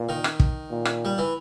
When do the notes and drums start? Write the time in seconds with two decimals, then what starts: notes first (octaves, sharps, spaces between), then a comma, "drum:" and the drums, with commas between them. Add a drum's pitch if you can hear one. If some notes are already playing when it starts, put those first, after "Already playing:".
Already playing: A#2
0.09 D#3
0.24 drum: rim click
0.40 drum: kick
0.71 A#2
0.85 drum: rim click
1.05 G3
1.18 E3